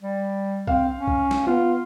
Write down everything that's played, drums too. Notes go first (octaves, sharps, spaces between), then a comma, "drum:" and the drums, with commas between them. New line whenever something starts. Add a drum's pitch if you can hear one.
G3
C4 F5, drum: kick B1
C#4
drum: kick B1
drum: snare
B3 F4